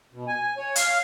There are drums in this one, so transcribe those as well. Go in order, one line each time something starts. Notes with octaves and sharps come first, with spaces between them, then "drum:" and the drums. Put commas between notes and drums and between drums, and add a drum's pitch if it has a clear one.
B2
G#5
C#5
F5, drum: hi-hat